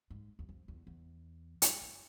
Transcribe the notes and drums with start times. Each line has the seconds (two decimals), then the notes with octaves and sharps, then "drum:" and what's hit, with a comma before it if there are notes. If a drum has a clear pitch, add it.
0.10 G#2
0.39 E2
0.49 F2
0.68 E2
0.87 E2
1.62 F2, drum: hi-hat
1.82 F#2